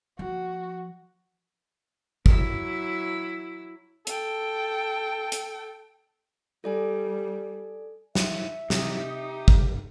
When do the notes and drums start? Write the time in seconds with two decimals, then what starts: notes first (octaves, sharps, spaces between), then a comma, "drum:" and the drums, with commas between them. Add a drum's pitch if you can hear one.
0.19 F3 A#3 F#4
2.26 F#3 E4, drum: kick
4.07 A4 G5, drum: hi-hat
5.32 drum: hi-hat
6.64 G3 A4 D5 G#5
8.15 E5, drum: snare
8.70 C3 D#4 G4, drum: snare
9.48 drum: kick